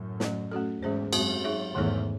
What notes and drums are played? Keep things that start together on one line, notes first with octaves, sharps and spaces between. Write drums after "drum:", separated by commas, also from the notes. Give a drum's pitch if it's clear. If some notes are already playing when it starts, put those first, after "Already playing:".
Already playing: F#2 A2
F#3 A3 C#4, drum: snare
A3 C#4 F#4 A4
E2 G#2 G#3 C#4 G#4 C5
F#2 G#3 C4 F#4, drum: cymbal
D#4 G#4 C#5 E5
E2 G#2 D#3 A3 D#4 A4 C#5